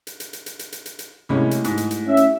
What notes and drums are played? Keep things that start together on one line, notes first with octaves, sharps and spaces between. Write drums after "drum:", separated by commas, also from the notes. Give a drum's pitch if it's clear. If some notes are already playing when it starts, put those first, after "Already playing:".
drum: hi-hat
drum: hi-hat
drum: hi-hat
drum: hi-hat
drum: hi-hat
drum: hi-hat
drum: hi-hat
drum: hi-hat
C2 G#3 A3 C#4 E4 G4
drum: hi-hat
G#2, drum: hi-hat
drum: hi-hat
drum: hi-hat
C#4 E5
drum: hi-hat